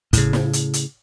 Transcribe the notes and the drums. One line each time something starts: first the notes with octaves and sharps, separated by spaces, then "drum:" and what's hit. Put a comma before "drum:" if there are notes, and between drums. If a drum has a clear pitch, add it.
A2 C#3, drum: kick, hi-hat
drum: snare
drum: hi-hat
drum: hi-hat